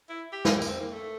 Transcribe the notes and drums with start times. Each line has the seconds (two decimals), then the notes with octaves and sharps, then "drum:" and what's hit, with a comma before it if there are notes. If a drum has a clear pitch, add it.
0.09 E4
0.32 G4
0.45 F4, drum: snare
0.57 E4
0.62 A#3, drum: tambourine
0.68 C4
0.80 A#3
0.92 A3